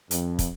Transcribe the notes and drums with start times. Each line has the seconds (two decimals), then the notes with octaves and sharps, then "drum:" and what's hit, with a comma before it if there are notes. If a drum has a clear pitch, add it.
0.11 F2, drum: hi-hat
0.39 drum: kick, hi-hat